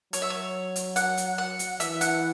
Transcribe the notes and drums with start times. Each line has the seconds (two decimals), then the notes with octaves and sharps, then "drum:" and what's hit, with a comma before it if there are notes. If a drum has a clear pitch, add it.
0.13 F#3 C#5, drum: hi-hat
0.22 E5
0.30 C#5
0.76 drum: hi-hat
0.96 F#5, drum: hi-hat
1.17 drum: hi-hat
1.38 F#5
1.59 drum: hi-hat
1.80 E3 E5, drum: hi-hat
2.01 F#5, drum: hi-hat